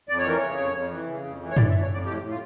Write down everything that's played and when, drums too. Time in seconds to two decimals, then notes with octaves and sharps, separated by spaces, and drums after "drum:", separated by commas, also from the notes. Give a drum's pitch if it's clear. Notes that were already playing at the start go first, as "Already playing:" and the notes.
0.09 F2 D5
0.18 C#5
0.25 E3 A#4
0.37 C#3 C#5
0.58 F2
0.74 F2
0.91 E3
1.07 C#3
1.24 F2
1.40 E3
1.51 C#5
1.57 E3 D5, drum: tom
1.69 E5
1.73 F2
1.81 C#5
1.89 F2 D5
2.06 A2 G4
2.22 A2
2.30 F4